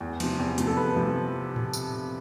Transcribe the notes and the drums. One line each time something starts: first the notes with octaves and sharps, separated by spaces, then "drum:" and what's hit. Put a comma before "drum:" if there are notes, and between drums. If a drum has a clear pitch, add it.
E2
C3 F3, drum: cymbal
E2
C3 F3, drum: hi-hat
A4
E2 B4
C3 F3
drum: tom A2
drum: tambourine